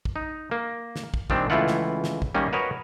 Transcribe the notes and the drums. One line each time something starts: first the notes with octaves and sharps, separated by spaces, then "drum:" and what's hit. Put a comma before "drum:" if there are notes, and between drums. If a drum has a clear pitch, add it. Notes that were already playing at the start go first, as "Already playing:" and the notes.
drum: kick
D#4
A#3
drum: snare
drum: kick
A#2 D#3 G3 C4 D4, drum: kick
C#2 E3 A3 E4 F4 F#5
drum: snare
drum: snare
drum: kick
D#3 G3 A#3 C#4
F#4 A#4 B4 C#5 D#5